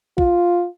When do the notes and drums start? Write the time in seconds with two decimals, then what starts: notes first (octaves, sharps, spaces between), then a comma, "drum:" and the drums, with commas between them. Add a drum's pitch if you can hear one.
0.18 F4, drum: kick